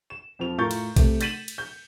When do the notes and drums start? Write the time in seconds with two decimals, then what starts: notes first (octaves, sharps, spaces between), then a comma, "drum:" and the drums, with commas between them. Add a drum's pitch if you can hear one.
0.10 E7
0.39 F2 F3 F7
0.58 A2 F4 A#4 C#6 G6 A6
0.71 drum: cymbal
0.96 C3 A3, drum: kick A#1, cymbal
1.21 G6 A6 B6 D#7 E7 F#7, drum: cymbal
1.48 drum: cymbal
1.58 G6